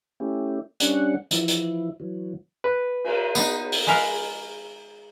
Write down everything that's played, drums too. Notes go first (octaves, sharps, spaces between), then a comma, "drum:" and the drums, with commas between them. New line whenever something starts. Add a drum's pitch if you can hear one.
A3 C#4 E4 G4
G3 C#4 D4 F#5, drum: hi-hat
E3 F3 E4, drum: hi-hat
drum: hi-hat
E3 F#3
B4
drum: cymbal
B3 D#4, drum: tambourine
drum: open hi-hat
G#3 A#4 B4 F5 A#5